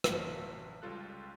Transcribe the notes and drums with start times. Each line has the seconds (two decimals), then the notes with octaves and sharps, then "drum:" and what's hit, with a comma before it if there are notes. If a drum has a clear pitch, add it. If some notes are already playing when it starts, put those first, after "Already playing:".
0.04 A1 F#2 C3 F#4 F5, drum: rim click
0.82 C#2 G3 F4 A4 F#6